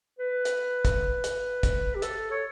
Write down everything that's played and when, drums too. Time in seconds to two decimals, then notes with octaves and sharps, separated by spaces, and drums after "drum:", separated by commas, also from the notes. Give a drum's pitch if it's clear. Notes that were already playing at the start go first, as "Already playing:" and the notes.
0.19 B4
0.45 drum: hi-hat
0.85 drum: kick, hi-hat
1.24 drum: hi-hat
1.63 drum: kick, hi-hat
1.95 G4
2.02 A4, drum: hi-hat
2.31 C#5